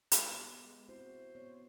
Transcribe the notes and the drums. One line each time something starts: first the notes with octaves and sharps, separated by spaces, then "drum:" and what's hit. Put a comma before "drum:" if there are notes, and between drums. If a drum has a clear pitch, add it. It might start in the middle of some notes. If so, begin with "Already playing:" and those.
D#4 G4, drum: hi-hat
B3
G#3
C4 E4 F#4 C5
B3 C#5